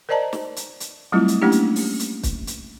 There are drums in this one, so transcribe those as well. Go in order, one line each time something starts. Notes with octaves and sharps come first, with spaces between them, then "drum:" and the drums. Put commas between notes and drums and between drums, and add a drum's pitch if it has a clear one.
A#4 C5 D5 D#5 A5 A#5
drum: snare
drum: hi-hat
drum: hi-hat
F#3 G3 A3 C4 E4 F4
drum: hi-hat
A3 A#3 C#4 D4 E4 G4
drum: hi-hat
drum: open hi-hat
drum: hi-hat
drum: kick, hi-hat
drum: hi-hat